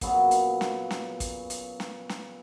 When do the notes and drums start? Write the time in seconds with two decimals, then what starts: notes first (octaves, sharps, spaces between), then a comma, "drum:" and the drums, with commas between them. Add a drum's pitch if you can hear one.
0.01 A#2 C#3 F#3 B3, drum: kick, hi-hat
0.31 drum: hi-hat
0.61 drum: snare
0.91 drum: snare
1.20 drum: kick, hi-hat
1.50 drum: hi-hat
1.80 drum: snare
2.09 drum: snare